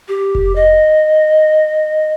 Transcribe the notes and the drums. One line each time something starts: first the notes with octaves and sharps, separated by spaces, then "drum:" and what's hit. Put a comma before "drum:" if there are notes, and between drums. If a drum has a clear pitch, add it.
G4
drum: kick F1
D#5